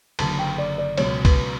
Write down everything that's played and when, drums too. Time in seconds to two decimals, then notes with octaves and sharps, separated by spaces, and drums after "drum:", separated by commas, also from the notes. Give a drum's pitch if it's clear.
0.19 F#1 F#2 D3 A5, drum: cymbal
0.39 G5
0.58 D5
0.78 D5
0.97 C#2 B2 F#3 C#5, drum: cymbal
1.25 B4, drum: kick C2, cymbal